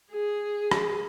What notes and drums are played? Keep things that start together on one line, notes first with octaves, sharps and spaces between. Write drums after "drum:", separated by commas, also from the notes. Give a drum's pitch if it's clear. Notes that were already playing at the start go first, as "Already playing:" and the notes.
G#4
drum: rim click